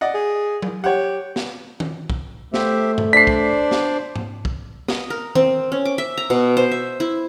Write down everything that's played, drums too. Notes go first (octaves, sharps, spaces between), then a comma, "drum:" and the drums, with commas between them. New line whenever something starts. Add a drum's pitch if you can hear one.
D5 D#5 F#5
G#4
drum: tom F#3
G4 C#5 F#5
drum: snare
drum: tom D#3
drum: kick
A3 G4 C5 E5, drum: snare
drum: tom G2
D4 C5 D5 B6 C7
drum: kick
drum: snare
drum: tom G#2
drum: kick
D#5, drum: snare
A#4
C4, drum: tom D#3
C#4
D6
E5
A#5
B2
C5
E5
E4